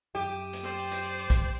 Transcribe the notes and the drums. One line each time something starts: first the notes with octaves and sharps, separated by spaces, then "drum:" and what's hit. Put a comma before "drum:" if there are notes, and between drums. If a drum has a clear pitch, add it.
F#2 G4 D#6 E6
drum: hi-hat
C5 D5
drum: hi-hat
drum: kick B1, hi-hat